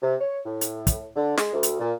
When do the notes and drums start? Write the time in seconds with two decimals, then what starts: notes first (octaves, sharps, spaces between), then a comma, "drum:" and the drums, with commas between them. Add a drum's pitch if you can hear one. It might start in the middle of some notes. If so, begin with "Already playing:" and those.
0.02 C3
0.21 C#5
0.46 A2
0.61 drum: hi-hat
0.87 drum: kick, hi-hat
1.16 D3
1.37 G#3, drum: snare
1.53 D2
1.63 drum: hi-hat
1.80 A#2